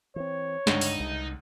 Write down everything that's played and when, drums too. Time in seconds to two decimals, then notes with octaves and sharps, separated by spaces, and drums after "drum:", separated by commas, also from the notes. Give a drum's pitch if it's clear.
0.16 E3 C4 C#5
0.67 C#2 G2 D3 D4 D#4, drum: snare
0.81 drum: open hi-hat
1.00 C2